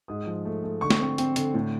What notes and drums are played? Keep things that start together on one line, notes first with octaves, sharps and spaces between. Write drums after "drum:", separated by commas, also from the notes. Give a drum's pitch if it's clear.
G#2 D#6
F3
A3
A3
D3 C#6
drum: snare
C4
C4, drum: hi-hat
D3, drum: hi-hat
A2